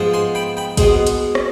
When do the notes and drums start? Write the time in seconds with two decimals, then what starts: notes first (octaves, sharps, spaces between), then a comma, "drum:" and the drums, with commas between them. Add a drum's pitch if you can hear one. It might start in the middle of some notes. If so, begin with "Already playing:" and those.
Already playing: G#2 F3 G#3 B3
0.13 G#5 C6
0.35 G5 B5
0.57 G5 B5
0.77 B2 G#3 B3 G#4 C5, drum: kick G#1, hi-hat
1.07 drum: hi-hat
1.35 drum: rim click